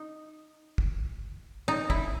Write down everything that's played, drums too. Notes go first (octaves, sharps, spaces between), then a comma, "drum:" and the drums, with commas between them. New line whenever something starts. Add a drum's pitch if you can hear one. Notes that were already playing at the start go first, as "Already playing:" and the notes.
Already playing: D#4
drum: kick
D#4
E4, drum: kick